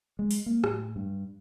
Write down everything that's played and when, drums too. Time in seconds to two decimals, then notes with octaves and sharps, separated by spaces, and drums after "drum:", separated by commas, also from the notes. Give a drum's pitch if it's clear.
0.19 G#3
0.31 drum: open hi-hat
0.46 A#3
0.64 A2, drum: rim click
0.96 G2